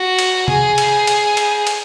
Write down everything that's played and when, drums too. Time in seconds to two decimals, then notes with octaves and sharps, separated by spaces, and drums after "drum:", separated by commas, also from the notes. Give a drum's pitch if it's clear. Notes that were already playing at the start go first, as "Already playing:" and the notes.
Already playing: F#4
0.19 drum: cymbal
0.48 G#4, drum: tom C3
0.78 drum: cymbal
1.07 drum: cymbal
1.37 drum: cymbal
1.67 drum: cymbal